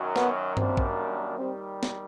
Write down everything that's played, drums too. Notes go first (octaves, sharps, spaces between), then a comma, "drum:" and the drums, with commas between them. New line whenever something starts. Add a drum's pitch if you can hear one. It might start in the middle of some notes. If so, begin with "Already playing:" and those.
Already playing: F#2 D#3 F#3
B3, drum: snare
F#2 D#3 G3 A#3 C4 D4, drum: tom G2
drum: kick
D#2 D#3 G3 C4
drum: snare